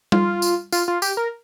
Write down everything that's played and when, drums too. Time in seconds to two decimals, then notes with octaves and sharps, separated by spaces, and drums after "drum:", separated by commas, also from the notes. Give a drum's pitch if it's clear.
0.12 F4, drum: tom G3
0.42 drum: tambourine
0.72 F4, drum: tambourine
0.88 F4
1.02 G4, drum: tambourine
1.17 A#4